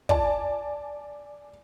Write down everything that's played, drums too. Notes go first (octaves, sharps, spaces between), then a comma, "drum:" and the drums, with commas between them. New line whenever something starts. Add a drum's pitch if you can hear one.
D5 G#5 A5, drum: kick